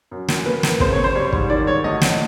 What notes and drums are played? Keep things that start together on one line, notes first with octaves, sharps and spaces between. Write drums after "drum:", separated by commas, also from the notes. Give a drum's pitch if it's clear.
F#2
F#2, drum: snare
A#3 B4
A#3, drum: snare
C#3 C5, drum: kick
C#5
C#3
C5
G3 C#5
G#2, drum: kick
D#3 D5
G#2 C#5
D2 D#5
D2, drum: snare